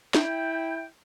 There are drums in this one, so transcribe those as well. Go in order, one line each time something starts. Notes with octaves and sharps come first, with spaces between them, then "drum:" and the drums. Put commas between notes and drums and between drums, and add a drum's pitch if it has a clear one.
E4 G5, drum: snare